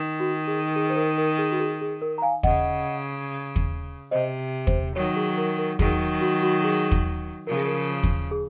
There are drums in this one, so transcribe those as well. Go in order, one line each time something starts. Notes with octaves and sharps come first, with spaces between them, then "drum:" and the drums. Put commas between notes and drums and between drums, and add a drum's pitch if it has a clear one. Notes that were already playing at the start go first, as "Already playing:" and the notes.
Already playing: D#3
F#4
G#4
G#4
C5
A#4
A#4
G#4
F#4
G#4
G#4
A#4
A#5
F5 G#5
C#3 D#5 F#5, drum: kick
drum: kick
C3 C5 D#5
C5, drum: kick
D#3 F#3 C#5
G#4
A#4
A#4
D#3 F#3 G#4, drum: kick
F#4
F#4
G#4
drum: kick
C#3 F3 A#4
G#4
A#4
drum: kick
G#4